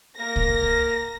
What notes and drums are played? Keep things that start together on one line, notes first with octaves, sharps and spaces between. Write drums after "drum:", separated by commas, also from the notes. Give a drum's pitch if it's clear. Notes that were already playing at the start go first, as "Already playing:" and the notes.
A#3 A#4 A#6
drum: kick C2